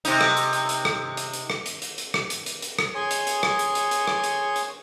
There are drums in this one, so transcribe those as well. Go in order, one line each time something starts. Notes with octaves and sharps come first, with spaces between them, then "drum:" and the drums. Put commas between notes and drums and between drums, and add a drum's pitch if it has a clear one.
C3 D#4, drum: hi-hat
drum: rim click
drum: hi-hat
drum: hi-hat
drum: hi-hat
drum: rim click
drum: hi-hat
drum: hi-hat
drum: rim click
drum: hi-hat
drum: hi-hat
drum: hi-hat
drum: rim click
drum: hi-hat
drum: hi-hat
drum: hi-hat
drum: rim click
G#4 C#5 G#5 C6 C#6 D#6
drum: hi-hat
drum: hi-hat
drum: rim click
drum: hi-hat
drum: hi-hat
drum: hi-hat
drum: rim click
drum: hi-hat
drum: hi-hat